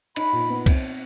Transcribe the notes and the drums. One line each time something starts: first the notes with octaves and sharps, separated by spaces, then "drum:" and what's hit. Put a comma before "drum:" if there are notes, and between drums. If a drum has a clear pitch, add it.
D#4 B5, drum: cymbal
A#2
B3
C4, drum: kick, cymbal